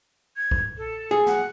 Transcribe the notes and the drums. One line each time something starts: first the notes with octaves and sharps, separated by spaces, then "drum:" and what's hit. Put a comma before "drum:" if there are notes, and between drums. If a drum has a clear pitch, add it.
G#6
drum: kick B1
A4
G#4
F#5, drum: snare